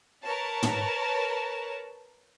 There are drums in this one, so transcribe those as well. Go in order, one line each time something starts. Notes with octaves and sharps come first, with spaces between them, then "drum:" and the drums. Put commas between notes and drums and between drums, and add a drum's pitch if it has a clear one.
A#4 B4 C#5 A5
drum: tom